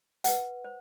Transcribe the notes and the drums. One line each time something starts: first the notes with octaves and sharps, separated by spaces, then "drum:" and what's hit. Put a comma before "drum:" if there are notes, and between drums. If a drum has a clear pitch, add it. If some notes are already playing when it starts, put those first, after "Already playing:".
B4 F#5, drum: hi-hat
C5